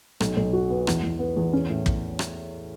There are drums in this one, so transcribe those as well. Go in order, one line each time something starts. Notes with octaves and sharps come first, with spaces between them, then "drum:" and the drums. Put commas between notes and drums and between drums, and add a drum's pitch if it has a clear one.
B1, drum: rim click
B1
F#4
B3
E2, drum: rim click
E2
B3
E2
C#4
A2
drum: kick
drum: rim click